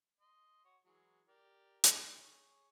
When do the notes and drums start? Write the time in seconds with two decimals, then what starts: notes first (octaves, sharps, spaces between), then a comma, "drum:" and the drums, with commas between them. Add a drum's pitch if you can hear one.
0.21 D#5 C6
0.65 F#4 C#5
0.85 E3 F#3 G#3
1.28 G4 A#4 D5
1.84 drum: hi-hat
1.94 G#4
2.18 G#4 C#5